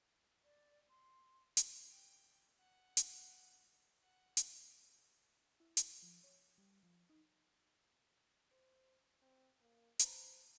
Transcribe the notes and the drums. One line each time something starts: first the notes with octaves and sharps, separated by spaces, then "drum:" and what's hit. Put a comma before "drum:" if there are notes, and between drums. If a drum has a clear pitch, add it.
D5
C6
drum: hi-hat
G5
F#5
drum: hi-hat
F#5
drum: hi-hat
E4
drum: hi-hat
F3
C#5
G3
F3
D#4
C5
C4
A#3
B4 C5 A5 A#5, drum: hi-hat